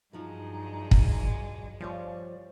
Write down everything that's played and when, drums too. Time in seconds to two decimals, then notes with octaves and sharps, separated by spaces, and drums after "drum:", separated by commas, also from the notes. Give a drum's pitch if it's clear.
0.13 G2 F3 F#3 G#3 D#4
0.91 drum: kick
1.80 F3 G3 F4 C#5 D5